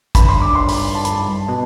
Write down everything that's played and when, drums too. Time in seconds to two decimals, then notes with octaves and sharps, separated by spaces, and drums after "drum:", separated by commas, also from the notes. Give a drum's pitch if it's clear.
0.15 G2 B5, drum: kick, hi-hat
0.29 C6
0.41 D6
0.55 C6
0.69 B5, drum: open hi-hat
0.95 A5
1.05 B5, drum: hi-hat
1.15 A5
1.48 B2